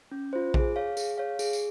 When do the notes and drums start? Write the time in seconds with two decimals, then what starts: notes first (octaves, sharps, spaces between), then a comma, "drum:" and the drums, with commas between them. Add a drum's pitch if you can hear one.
0.11 C#4
0.33 F4 C5
0.54 G#4, drum: kick A#1
0.76 C#5 F5
0.97 G#4, drum: tambourine
1.18 C#5 F5
1.39 G#4, drum: tambourine
1.53 drum: tambourine